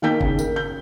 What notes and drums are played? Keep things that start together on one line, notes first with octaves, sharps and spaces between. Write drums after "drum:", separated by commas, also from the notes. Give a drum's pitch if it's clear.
D#3 A#3 D#4 G5 G6 B6
C#3, drum: kick G1
A#4, drum: tambourine
G6